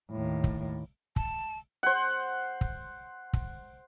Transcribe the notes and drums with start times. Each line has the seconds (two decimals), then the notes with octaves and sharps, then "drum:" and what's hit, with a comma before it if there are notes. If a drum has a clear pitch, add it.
0.11 D#2 A2
0.44 drum: kick
1.16 A5, drum: kick
1.83 C5 F#5
2.61 drum: kick
3.33 drum: kick